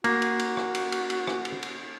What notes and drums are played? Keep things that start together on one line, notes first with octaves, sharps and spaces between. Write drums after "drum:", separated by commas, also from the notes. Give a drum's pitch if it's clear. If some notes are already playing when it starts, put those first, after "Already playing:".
A#3 F#4, drum: cymbal
drum: cymbal
drum: cymbal
drum: rim click
drum: cymbal
drum: cymbal
drum: cymbal
drum: rim click
drum: cymbal
drum: cymbal